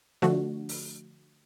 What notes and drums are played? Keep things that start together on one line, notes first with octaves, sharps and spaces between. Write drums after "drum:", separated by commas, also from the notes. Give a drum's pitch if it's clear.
D3 F3 A3 D4 F#4, drum: snare D4
drum: open hi-hat